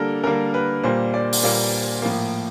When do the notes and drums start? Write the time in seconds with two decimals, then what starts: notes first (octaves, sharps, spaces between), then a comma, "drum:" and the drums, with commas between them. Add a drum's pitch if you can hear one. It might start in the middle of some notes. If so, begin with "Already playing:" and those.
Already playing: D3 G3 A#3 A4 A#4
0.24 D3 G3 A#3 A#4
0.54 B4
0.84 A#2 G3 A#3 C5
1.14 D5
1.33 drum: open hi-hat
1.43 A#2 G3 A#3
2.02 A2 F3 A#3